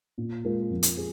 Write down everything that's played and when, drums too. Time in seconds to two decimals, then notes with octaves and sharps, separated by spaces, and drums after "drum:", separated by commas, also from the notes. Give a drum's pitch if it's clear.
0.18 A#2
0.44 G#3 F4 A#4
0.70 F2
0.83 drum: hi-hat
0.97 G#4